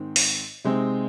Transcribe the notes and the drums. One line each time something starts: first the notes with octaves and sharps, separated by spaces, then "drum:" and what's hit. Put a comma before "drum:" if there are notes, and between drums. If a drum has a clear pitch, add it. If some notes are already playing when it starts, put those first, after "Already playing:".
Already playing: G#2 D#3 C4
drum: open hi-hat
C3 G#3 C4 D#4